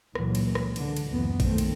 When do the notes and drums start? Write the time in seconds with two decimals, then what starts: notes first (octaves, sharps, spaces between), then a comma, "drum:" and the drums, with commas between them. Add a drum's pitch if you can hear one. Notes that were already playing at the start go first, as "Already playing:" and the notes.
0.15 C#2 A#2 E3 F#3, drum: rim click
0.35 drum: cymbal
0.55 drum: rim click
0.76 D3, drum: cymbal
0.97 drum: cymbal
1.10 F#1 D2 A#2 E3 B3
1.40 B1 D#3 A3 C4, drum: kick A1, cymbal
1.58 drum: cymbal